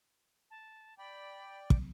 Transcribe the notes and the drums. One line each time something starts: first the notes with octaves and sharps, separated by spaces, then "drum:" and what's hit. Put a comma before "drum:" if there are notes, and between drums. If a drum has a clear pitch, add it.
A5
D5 G5 B5
drum: kick